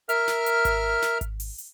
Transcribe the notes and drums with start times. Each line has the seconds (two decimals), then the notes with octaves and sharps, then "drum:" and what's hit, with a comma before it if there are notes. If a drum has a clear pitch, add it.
0.09 A#4 E5 F6, drum: hi-hat
0.28 drum: snare
0.46 drum: hi-hat
0.65 drum: kick G#1, hi-hat
1.02 drum: snare
1.21 drum: kick G#1, hi-hat
1.40 drum: open hi-hat
1.58 drum: hi-hat